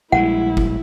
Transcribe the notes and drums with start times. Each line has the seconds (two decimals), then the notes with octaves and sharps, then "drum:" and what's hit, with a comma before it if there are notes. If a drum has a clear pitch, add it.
0.12 A#1 G3 G#3 E4 F#5
0.57 drum: kick F#1